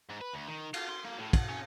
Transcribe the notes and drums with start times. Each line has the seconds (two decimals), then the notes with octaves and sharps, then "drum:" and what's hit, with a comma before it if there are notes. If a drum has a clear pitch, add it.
0.09 G#2
0.21 B4
0.33 D2
0.48 D#3
0.74 F4, drum: cymbal
0.89 C6
1.05 A#3
1.18 A2
1.33 F#5, drum: kick, cymbal
1.49 C#4